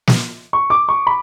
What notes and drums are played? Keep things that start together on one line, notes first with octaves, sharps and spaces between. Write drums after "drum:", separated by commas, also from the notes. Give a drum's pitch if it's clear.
drum: snare
C#6
D6
C#6
B5